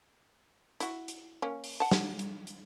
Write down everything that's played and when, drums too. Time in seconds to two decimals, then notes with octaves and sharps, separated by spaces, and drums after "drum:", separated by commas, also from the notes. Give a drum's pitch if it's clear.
0.80 E4 F#4, drum: hi-hat
1.08 drum: hi-hat
1.42 A#3 C#4
1.64 drum: open hi-hat
1.80 F#5 A5
1.91 drum: snare
2.19 drum: hi-hat
2.47 drum: hi-hat